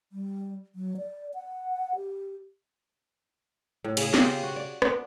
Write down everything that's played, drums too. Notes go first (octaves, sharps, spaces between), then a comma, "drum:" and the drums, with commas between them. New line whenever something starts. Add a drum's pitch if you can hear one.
G3
F#3
D5
F#5
G4
A2
C#3 G#4, drum: cymbal
F4 G4 G#4 F5, drum: snare
F#4
D5
B3 D4, drum: rim click